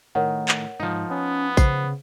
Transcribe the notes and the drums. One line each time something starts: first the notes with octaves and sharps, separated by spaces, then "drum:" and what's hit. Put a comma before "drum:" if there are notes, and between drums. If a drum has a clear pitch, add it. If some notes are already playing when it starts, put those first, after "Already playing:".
A2 D#3 A#4 C#5 F#5
drum: clap
G#2 F3 D#4
B3 C#4
C#3 C5 C7, drum: kick A#1, tambourine